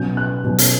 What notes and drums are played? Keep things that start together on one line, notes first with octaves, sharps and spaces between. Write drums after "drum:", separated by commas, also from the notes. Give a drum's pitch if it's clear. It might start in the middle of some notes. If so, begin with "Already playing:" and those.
Already playing: B2 F#3 C#4 G6
F#6
B2 F#3 C#4
drum: hi-hat